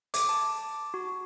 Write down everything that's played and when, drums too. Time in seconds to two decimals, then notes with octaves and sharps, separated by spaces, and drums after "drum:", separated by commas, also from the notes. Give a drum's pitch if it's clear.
0.14 D6, drum: hi-hat
0.29 A5
0.94 F#4